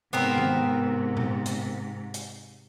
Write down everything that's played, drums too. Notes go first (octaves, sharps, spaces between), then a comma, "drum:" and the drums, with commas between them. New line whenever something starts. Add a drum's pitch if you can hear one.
G#2 C3 B3 C4 A#4
drum: tom
drum: tom A#2
drum: hi-hat
drum: hi-hat